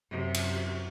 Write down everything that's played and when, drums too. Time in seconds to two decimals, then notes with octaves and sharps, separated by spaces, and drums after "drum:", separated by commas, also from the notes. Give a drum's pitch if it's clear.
0.10 F#2 C3
0.34 drum: cymbal